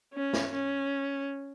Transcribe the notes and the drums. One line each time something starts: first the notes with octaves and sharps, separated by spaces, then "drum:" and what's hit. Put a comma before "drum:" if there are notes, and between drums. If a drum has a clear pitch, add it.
C#4
drum: snare
C#4